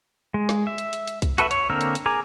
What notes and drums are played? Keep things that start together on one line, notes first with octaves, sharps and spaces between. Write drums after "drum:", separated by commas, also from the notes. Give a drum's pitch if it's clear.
G#3
drum: snare
E5
drum: hi-hat
drum: hi-hat
drum: hi-hat
drum: kick C2, hi-hat
F#4 A4 B4 D#5 E5, drum: hi-hat
C#5, drum: hi-hat
D3 A#3 C4 A#4 E6
drum: hi-hat
drum: hi-hat
G#4 A#4 G#5 A#5 D6